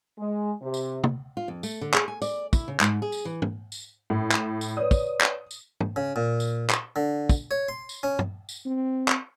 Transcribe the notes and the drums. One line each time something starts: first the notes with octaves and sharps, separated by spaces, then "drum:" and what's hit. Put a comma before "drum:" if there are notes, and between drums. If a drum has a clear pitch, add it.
G#3
C3
drum: tambourine
drum: tom
F4
F2
A3, drum: tambourine
D3
G#4, drum: clap
G#5
D5, drum: tambourine
E4, drum: kick, tambourine
C#3
G#2, drum: clap
G#4
drum: tambourine
E3
drum: tom
drum: tambourine
A2
drum: clap
drum: tambourine
B4 C#5 D5 D#6
drum: kick, tambourine
drum: clap
drum: tambourine
drum: tom
C#3
A#2
drum: tambourine
drum: clap
D3
drum: kick, tambourine
C#5
C6
drum: tambourine
C#4
drum: tom
drum: tambourine
C4
drum: clap